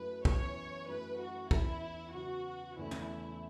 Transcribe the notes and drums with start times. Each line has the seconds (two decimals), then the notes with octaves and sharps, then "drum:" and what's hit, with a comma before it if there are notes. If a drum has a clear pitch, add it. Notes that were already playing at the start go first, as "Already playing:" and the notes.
Already playing: F#2 F#3 A3 E4 B4
0.25 F#2 E3 B3 E4 C#5, drum: kick
0.88 F#2 F#3 A3 E4 B4
1.20 F#4
1.51 E2 E3 C#4 E4, drum: kick
2.14 C#3 F#3 B3 F#4
2.77 E2 C#3 E3 A3 C#4 E4
2.91 drum: tom